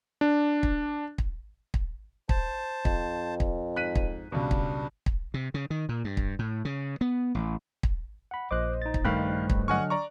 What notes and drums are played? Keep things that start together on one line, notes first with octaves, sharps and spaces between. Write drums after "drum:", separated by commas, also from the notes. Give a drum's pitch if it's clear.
D4
drum: kick
drum: kick
drum: kick
C5 A5, drum: kick
F2, drum: kick
drum: kick
G#2 F#6 B6 D#7
drum: kick
C#2 B2 G3 D4
drum: kick
drum: kick
C3
C#3
D#3
A#2
G2
drum: kick
A2
C#3
B3
A1
drum: kick
F#5 B5
A#1 C5 D#5 D6 F#6
D#4 A6
drum: kick
G2 D#3 A3 F5 G5 B5 F#6
drum: kick
D3 F#3 D4 D#5 F#5 G#5 C#6 F6
D5 A#5 C#6